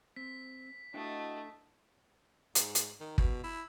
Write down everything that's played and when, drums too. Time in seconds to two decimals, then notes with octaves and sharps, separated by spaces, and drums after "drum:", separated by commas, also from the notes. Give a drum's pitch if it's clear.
0.16 C4 B6
0.94 A3 D4 E4 F#4 D#5 F5 G5
2.55 G#2, drum: hi-hat
2.75 drum: hi-hat
3.00 D#3
3.18 B2, drum: kick
3.44 E4